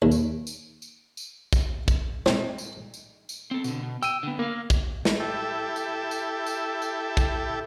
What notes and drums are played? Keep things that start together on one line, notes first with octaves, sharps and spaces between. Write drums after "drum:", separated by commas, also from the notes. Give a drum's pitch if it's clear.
D#2
drum: tambourine
drum: tambourine
drum: tambourine
drum: tambourine
drum: kick, tambourine
drum: kick, tambourine
C4, drum: snare
drum: tambourine
drum: tambourine
drum: tambourine
C4 A4
B2 D3, drum: tambourine
B2
G5 E6 D#7, drum: tambourine
D3 B3
A#3 A#4 F5
drum: kick, tambourine
drum: snare
E4 G4 A4
drum: tambourine
drum: tambourine
drum: tambourine
drum: tambourine
drum: kick, tambourine